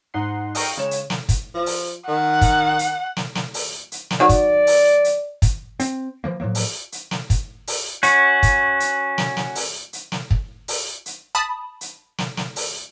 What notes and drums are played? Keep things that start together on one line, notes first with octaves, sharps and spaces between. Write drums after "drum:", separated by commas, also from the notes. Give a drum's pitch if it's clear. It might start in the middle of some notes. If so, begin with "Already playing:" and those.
G#2 D#4 F#5 C6
D#5 F5 G5 A#5 C#6 D#6, drum: open hi-hat
C#3 G#3 C#5 E7
drum: hi-hat
drum: snare
drum: kick, hi-hat
F3
drum: open hi-hat
D#3 F#5
drum: kick, hi-hat
drum: hi-hat
drum: snare
drum: snare
drum: open hi-hat
drum: hi-hat
drum: snare
D#3 F#3 D5
drum: kick, hi-hat
drum: open hi-hat
drum: hi-hat
drum: kick, hi-hat
C4, drum: hi-hat
E3 F3 A#3
A2 F3 F#3 A#3
drum: open hi-hat
drum: hi-hat
drum: snare
drum: kick, hi-hat
drum: open hi-hat
C#4 F#4, drum: hi-hat
drum: kick, hi-hat
drum: hi-hat
drum: snare
drum: snare
drum: open hi-hat
drum: hi-hat
drum: snare
drum: kick
drum: open hi-hat
drum: hi-hat
A5 B5 D#6
drum: hi-hat
drum: snare
drum: snare
drum: open hi-hat